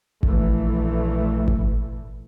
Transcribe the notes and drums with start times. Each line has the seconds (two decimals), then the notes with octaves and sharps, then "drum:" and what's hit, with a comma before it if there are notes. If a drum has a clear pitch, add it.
0.23 A#1 A#2 E3 A3, drum: kick G#1
1.48 drum: kick G#1